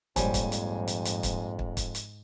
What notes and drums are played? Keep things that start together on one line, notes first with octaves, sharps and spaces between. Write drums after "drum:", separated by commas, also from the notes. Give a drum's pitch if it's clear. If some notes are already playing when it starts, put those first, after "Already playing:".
A#1 F2 G#2 G3 C5 C#5 G#5, drum: kick, hi-hat
drum: kick, hi-hat
drum: hi-hat
drum: hi-hat
drum: hi-hat
drum: kick, hi-hat
drum: kick
drum: kick, hi-hat
drum: hi-hat